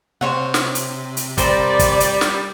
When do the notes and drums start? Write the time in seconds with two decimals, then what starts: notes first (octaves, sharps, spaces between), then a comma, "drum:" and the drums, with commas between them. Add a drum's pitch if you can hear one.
0.21 C3 C5 C#5 F#5
0.54 drum: snare
0.75 drum: hi-hat
1.17 drum: hi-hat
1.38 G3 A#4 C5 D5 C6, drum: kick, hi-hat
1.79 drum: kick, hi-hat
2.00 drum: hi-hat
2.21 drum: snare